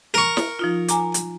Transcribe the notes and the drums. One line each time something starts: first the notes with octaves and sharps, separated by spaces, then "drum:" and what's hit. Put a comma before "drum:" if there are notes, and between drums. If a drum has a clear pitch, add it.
A#4 C#6
drum: snare
F3 D#4 F4
G#5 A#5 D6, drum: hi-hat
drum: hi-hat